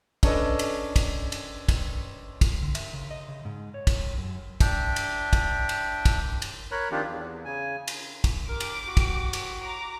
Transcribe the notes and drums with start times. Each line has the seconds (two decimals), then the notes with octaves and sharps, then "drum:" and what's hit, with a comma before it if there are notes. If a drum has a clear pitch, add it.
0.23 C#4 D4 A4 B4 D#5, drum: kick, cymbal
0.59 drum: cymbal
0.96 drum: kick, cymbal
1.32 drum: cymbal
1.69 drum: kick, cymbal
2.41 drum: kick, cymbal
2.63 D3
2.75 E5, drum: cymbal
2.93 C#3
3.11 D#5
3.28 C#3
3.45 G#2
3.74 C#5
3.87 drum: kick, cymbal
4.18 F#2
4.60 D4 E5 G5, drum: kick, cymbal
4.96 drum: cymbal
5.33 drum: kick, cymbal
5.69 drum: cymbal
6.05 drum: kick, cymbal
6.42 drum: cymbal
6.71 A#4 C#5 B5 F#6
6.91 D#3 F3 C4 D4 F4 G4
7.08 E2
7.45 C#3 G#5
7.88 drum: cymbal
8.24 drum: kick, cymbal
8.49 G4 A#4 D6
8.60 drum: cymbal
8.87 F#4
8.97 drum: kick, cymbal
9.33 drum: cymbal
9.62 A#5 D6